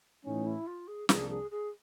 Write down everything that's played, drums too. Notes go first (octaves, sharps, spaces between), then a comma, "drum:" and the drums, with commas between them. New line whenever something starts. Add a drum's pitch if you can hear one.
A2 E3 A3 C#4 D#4
E4
F4
G#4
C2 C3 F3 A#3 D4 G#4, drum: snare
G#4
G#4